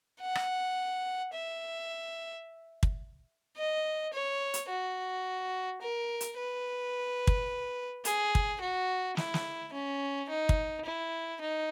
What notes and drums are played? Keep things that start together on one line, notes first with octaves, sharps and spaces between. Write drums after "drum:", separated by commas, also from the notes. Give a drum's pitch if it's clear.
F#5
drum: rim click
E5
drum: kick
D#5
C#5
drum: hi-hat
F#4
A#4
drum: hi-hat
B4
drum: kick
G#4, drum: hi-hat
drum: kick
F#4
E4, drum: snare
drum: snare
C#4
D#4
drum: kick
E4
D#4